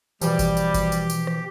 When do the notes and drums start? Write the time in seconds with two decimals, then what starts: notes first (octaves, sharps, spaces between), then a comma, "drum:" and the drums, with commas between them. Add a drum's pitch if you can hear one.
0.21 B2 E3 F3 G3 G4, drum: tambourine
0.39 drum: kick G#1, tambourine
0.57 drum: tambourine
0.74 drum: kick G#1, tambourine
0.92 drum: tambourine
1.10 drum: tambourine
1.27 drum: rim click